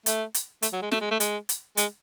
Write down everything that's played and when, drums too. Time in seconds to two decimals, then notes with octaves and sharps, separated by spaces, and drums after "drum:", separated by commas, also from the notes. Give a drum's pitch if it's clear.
0.06 A3, drum: hi-hat
0.34 drum: hi-hat
0.62 A3, drum: hi-hat
0.73 F#3
0.82 G#3
0.91 A3, drum: snare
1.01 G#3
1.11 A3
1.20 G#3, drum: hi-hat
1.49 drum: hi-hat
1.77 G#3, drum: hi-hat